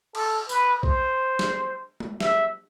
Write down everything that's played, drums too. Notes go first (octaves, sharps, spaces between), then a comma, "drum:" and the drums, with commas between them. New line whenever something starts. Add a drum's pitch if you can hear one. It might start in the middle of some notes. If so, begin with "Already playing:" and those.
A4, drum: cymbal
B4, drum: tambourine
C5, drum: kick B1
drum: snare
drum: tom G#3
E5, drum: snare